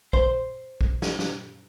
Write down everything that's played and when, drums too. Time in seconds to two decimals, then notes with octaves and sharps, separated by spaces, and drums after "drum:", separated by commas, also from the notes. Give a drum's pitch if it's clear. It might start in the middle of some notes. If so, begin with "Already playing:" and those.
0.13 C5 C6, drum: kick
0.81 drum: kick
1.02 drum: snare
1.19 drum: snare